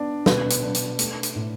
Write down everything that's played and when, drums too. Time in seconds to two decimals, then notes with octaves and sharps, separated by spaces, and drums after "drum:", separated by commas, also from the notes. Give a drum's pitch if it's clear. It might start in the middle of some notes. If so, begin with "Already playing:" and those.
Already playing: B3 D4 D5
0.26 B2 B4, drum: snare
0.50 drum: hi-hat
0.62 D4
0.75 drum: hi-hat
0.99 A3, drum: hi-hat
1.23 drum: hi-hat
1.35 A2